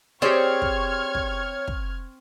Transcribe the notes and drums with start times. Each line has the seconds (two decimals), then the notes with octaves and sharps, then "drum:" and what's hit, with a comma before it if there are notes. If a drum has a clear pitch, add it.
0.22 C4 G4 G#4 C#5 D5 C#6 F6 G#6
0.62 drum: kick
1.15 drum: kick
1.68 drum: kick